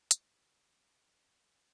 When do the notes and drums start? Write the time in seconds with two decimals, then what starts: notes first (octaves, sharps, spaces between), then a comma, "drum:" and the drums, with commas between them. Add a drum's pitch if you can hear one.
0.11 G#1 A#2 D3 D5 G5 B6, drum: hi-hat